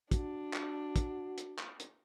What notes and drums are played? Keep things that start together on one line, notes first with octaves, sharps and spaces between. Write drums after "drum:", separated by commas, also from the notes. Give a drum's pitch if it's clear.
D4 F#4, drum: kick, hi-hat
drum: clap
drum: kick, hi-hat
drum: hi-hat
drum: clap
drum: hi-hat